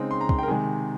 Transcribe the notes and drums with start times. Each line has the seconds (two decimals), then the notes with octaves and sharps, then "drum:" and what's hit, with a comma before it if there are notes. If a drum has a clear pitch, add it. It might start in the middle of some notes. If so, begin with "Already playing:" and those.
Already playing: C#3 G#3 C4 D#4
0.11 C6
0.21 A#5
0.29 C6, drum: kick
0.39 G5
0.43 A#4
0.48 C3 D#3 G#3 G#4